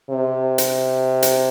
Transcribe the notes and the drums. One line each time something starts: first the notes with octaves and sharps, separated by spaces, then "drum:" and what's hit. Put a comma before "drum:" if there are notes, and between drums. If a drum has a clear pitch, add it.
C3
drum: hi-hat
drum: hi-hat